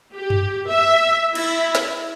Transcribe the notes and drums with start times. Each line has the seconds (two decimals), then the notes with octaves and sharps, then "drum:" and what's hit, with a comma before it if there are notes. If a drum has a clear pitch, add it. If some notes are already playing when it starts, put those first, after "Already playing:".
0.13 G4
0.30 drum: tom F#2
0.69 E5
1.35 E4, drum: cymbal
1.75 drum: snare